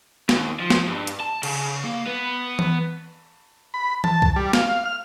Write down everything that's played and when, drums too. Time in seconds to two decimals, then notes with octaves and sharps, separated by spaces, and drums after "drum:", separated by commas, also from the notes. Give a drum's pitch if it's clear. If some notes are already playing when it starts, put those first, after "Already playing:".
0.29 D#2, drum: snare
0.60 F3
0.70 drum: snare
0.88 G2
1.07 drum: hi-hat
1.20 A5
1.43 C#3, drum: cymbal
1.83 A#3
2.06 B3
2.59 drum: tom E3
3.74 B5
4.04 A5, drum: tom E3
4.22 drum: kick C2
4.36 G3
4.53 F5, drum: snare
4.85 F6